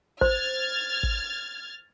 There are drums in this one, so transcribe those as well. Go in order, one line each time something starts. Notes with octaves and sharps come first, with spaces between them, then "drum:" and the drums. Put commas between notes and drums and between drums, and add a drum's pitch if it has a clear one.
C5 F6 G#6 A6, drum: kick
drum: kick